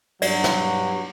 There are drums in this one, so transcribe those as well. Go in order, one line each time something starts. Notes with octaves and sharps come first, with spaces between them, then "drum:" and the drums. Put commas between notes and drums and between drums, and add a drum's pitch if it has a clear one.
G2 F#3 D5, drum: cymbal
drum: snare